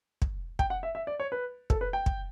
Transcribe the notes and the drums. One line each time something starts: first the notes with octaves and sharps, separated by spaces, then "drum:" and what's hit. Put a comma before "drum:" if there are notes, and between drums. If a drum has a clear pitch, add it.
drum: kick
G5, drum: kick
F#5
E5
E5
D5
C#5
B4
A4, drum: kick
B4
G5
drum: kick